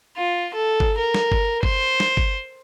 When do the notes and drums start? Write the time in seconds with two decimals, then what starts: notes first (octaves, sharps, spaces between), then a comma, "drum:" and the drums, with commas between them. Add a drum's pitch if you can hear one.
0.17 F4
0.54 A4
0.80 drum: kick G1
0.97 A#4
1.14 drum: snare
1.32 drum: kick G1
1.63 C5, drum: kick G1
2.00 drum: snare
2.17 drum: kick G1